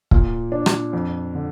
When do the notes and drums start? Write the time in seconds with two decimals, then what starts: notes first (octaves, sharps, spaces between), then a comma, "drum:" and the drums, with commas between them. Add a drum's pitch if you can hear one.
0.11 A#2, drum: kick
0.52 D4
0.66 drum: rim click
0.93 F2
1.35 D3